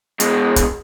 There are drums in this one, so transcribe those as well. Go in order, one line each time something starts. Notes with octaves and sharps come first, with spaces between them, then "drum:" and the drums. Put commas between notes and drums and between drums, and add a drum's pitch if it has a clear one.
B2 G#3, drum: hi-hat
drum: kick, hi-hat